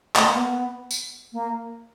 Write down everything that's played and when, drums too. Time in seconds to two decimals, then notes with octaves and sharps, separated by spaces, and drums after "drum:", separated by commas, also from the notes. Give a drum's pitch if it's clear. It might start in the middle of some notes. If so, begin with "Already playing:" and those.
0.16 A3, drum: clap
0.25 A#3
0.35 B3
0.91 drum: tambourine
1.33 A#3